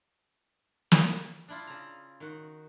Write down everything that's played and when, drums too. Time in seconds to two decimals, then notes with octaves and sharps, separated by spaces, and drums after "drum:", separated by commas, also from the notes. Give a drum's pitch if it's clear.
0.92 drum: snare
1.48 D4 E4 F4
1.67 C#3 A#5
2.20 D#3 F#4